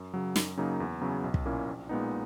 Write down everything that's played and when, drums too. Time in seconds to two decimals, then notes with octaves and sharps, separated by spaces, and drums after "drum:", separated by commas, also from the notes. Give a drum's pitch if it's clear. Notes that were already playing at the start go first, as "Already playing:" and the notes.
Already playing: F#2
0.14 C#3 F#3
0.36 F#2, drum: snare
0.57 C#3 F#3 A#3 D#4
0.80 E2
1.01 C#3 F#3 B3 E4
1.24 B1
1.34 drum: kick
1.46 A#2 A#3 C#4 E4
1.68 A#1
1.89 A#2 G#3 B3 D#4